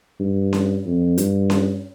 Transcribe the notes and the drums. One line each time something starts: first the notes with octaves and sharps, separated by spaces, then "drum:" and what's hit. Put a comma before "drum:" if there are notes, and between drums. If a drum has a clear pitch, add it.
G2
drum: snare C#4
F2
G2, drum: hi-hat
drum: snare C#4